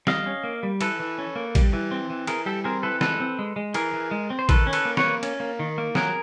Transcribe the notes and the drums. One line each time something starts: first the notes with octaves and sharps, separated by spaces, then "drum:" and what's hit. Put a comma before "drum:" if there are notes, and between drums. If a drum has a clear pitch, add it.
G3 D#5 F5, drum: snare
C#4
A#3
G3
E3 A4 B4, drum: cymbal
E3
C#4
A#3
G3, drum: kick, cymbal
E3
C4
E3
E3 G#4 A#4, drum: cymbal
G3 G4 A4
C4 G#4 A#4
E3 A4 B4
G#3 A4 B4, drum: snare
C4
G#3
G#3
E3 G#4 A#4, drum: cymbal
E3
G#3
C4
C5
D#3 A4 B4, drum: kick, cymbal
C#4
A4 B4, drum: cymbal
A#3
B4 C#5, drum: snare
A#3
C#4, drum: cymbal
A#3
D#3
A#3
F#3 G#4 A#4, drum: snare